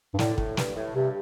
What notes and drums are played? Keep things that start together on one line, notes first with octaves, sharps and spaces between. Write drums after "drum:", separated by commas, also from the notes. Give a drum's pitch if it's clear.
G2
A2 D3, drum: snare
A2, drum: kick
G2, drum: snare
A2
G2 C3